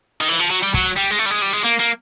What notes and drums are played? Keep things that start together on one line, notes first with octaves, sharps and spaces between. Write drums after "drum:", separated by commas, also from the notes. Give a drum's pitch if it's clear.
D#3
E3, drum: open hi-hat
F3
F#3
G3
F#3, drum: kick, hi-hat
G3
G#3
A3, drum: hi-hat
G3
G#3
G3
G#3
A#3, drum: hi-hat
A#3, drum: hi-hat